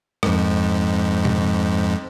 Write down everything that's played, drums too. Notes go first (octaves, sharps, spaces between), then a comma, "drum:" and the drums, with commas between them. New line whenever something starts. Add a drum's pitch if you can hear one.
F2 G#2, drum: rim click
drum: tom B2